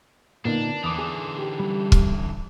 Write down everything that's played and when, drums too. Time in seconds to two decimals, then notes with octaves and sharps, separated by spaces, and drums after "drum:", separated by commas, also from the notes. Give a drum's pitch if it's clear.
0.45 A#2 D3 A#3 B3 D4 D#4
0.84 E2 D3 E3 D6 D#6
0.99 G#4
1.39 G4
1.60 G3
1.92 drum: kick